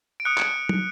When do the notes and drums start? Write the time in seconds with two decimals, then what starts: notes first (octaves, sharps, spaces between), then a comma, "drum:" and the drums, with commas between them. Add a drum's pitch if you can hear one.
0.20 D7
0.25 D#6 F#6 C#7
0.38 drum: clap
0.69 drum: tom